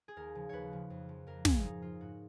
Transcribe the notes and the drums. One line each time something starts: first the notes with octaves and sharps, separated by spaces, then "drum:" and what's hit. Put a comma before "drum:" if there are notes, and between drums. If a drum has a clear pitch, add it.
G#4
D#2 A#4
C#3 F3
D#2 B4 C#5
C#3 F3
F2
F3
F2 A#4
F3 G#4, drum: snare
G#2 D#4
F3 F4
G#2 F#4